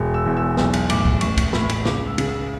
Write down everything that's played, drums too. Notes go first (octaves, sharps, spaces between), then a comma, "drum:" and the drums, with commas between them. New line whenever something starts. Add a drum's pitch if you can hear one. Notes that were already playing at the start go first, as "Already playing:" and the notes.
Already playing: E1
E6
E2
E6
B1 E6, drum: snare
drum: cymbal
A2 D6, drum: cymbal
drum: kick C2
A1 C#6, drum: cymbal
drum: kick C2, cymbal
A2 B5, drum: snare
drum: cymbal
C#2 D6, drum: snare
E6
C#3, drum: cymbal
E6